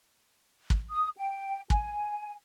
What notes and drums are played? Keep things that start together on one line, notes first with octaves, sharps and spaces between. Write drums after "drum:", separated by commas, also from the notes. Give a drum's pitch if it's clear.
drum: kick
D#6
G5
G#5, drum: kick